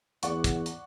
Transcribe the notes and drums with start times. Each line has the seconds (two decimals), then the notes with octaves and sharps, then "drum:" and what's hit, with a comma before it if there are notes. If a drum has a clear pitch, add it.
0.23 E2 D5 F#5 C#6, drum: hi-hat
0.44 drum: kick, hi-hat
0.66 drum: hi-hat